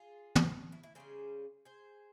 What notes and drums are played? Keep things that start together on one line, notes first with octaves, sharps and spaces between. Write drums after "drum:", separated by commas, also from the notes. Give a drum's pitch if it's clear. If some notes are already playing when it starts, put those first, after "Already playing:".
Already playing: F4 G#4
drum: tom
E4
E4
C#3 G3 C#4 G#4 C5
G#4 C5